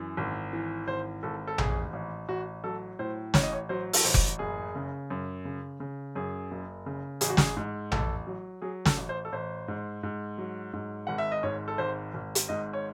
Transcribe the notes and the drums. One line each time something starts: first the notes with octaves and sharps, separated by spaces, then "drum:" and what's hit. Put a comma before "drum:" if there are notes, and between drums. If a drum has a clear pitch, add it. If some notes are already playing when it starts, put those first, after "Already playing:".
Already playing: F#2 E3
G#1
E3
G#1 C5
G#1 A4
A4
A1 G#4, drum: tom A#1
A1
A1 F#4
F#3 A4
A2 C5
A1 C#5, drum: snare
D#5
C#5
F#3 C5
A4, drum: open hi-hat
A1 C5
drum: kick F1
F#1 G#4
C#3
F#2
C#3
C#3
F#2 G#4
F#1
C#3
A1 G#4, drum: hi-hat
F#4
G#4, drum: snare
G#2
A1 A4, drum: tom A#1
F#3
F#3 G#4
A4, drum: snare
A1
C5
A4
A1 C5
G#2
G#2
F#3
G#2
G#1 F#5
E5
D#5
G#2 C#5
A4
G#1 C5
G#1
drum: hi-hat
G#2 D#5
C#5